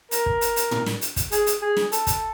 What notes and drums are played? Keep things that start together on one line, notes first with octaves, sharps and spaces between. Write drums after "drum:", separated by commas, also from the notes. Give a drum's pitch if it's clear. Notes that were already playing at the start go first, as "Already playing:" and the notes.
A#4, drum: hi-hat
drum: kick
drum: hi-hat
drum: hi-hat
drum: tom
drum: snare
drum: hi-hat
drum: kick, hi-hat
G#4, drum: hi-hat
drum: hi-hat
G#4
drum: snare
A4, drum: hi-hat
drum: kick, hi-hat